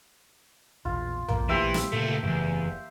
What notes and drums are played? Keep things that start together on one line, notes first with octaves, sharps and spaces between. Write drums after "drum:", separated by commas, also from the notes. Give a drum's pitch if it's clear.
A#1 E2 B2 F4
G1 F2 F3 A#3, drum: tom A#1
A#1 F2 E3 A3 G4 C5 E5
drum: snare
C#2 A#2 A3 A#3
F#1 E2 G2 C#3 A3